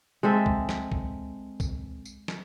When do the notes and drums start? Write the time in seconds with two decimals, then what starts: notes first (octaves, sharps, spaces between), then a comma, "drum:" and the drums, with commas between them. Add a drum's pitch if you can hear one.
0.23 G#3 C4 A4 E5
0.46 drum: kick C2
0.69 drum: snare
0.92 drum: kick C2
1.60 drum: kick C2, tambourine
2.05 drum: tambourine
2.28 drum: snare